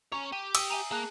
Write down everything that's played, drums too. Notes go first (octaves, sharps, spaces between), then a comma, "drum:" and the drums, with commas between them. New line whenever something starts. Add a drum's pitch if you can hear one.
C#4 C#5 A#5 C#6
G4 D#7
D#6 E6, drum: cymbal
E5 G#5 A#5
A#3 G#4 A5 F#6